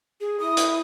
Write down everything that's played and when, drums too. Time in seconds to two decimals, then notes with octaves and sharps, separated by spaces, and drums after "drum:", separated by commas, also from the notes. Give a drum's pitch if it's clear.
0.21 G#4
0.40 E4 D#6
0.57 drum: hi-hat